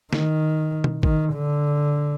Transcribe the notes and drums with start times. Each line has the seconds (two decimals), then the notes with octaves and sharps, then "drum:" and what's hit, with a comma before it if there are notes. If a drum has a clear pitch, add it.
0.13 D#3, drum: snare
0.84 drum: tom B2
1.03 D#3, drum: kick G#1
1.33 D3